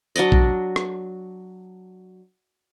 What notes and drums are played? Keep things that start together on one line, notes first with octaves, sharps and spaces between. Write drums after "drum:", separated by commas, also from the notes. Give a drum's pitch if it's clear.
F#3 D4 D5 D#5, drum: tambourine
drum: kick A#1
drum: rim click